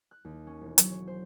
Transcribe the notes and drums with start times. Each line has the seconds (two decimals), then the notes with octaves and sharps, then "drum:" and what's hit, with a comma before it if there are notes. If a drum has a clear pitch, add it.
0.11 F#6
0.25 D#2
0.47 C#4
0.61 E1
0.78 F#3, drum: hi-hat
0.91 C#5
1.07 C5